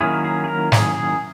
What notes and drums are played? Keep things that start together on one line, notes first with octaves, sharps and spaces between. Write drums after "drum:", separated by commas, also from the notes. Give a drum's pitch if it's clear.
D#3 F#3 A#3 C#4 E4 G#4
G#4
G#4
A#4
G#4, drum: snare
G#4